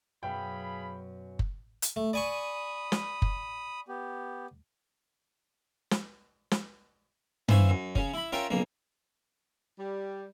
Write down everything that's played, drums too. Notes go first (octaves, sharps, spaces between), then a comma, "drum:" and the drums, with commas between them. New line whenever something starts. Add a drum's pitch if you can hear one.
F#2 B2 G#4 F5 G5 B5
drum: kick F#1
drum: hi-hat
A3
D5 G#5 B5 C#6 D#6
drum: snare
drum: kick F#1
B3 G4
drum: snare
drum: snare
E3 C5 E5 F5 G#5 C#6, drum: tom
F#2
C#3 C#4, drum: kick F#1
E4 B5
C#4 F4 A#4 E5 G5
B1 C#3 A#3
G3